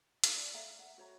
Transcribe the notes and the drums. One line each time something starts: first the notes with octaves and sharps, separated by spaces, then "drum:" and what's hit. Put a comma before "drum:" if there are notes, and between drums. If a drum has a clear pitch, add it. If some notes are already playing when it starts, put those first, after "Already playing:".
D#4 E4 F#4 F5, drum: hi-hat
D5
E5 F5 A#5
F#5
F#4 C#5 A#5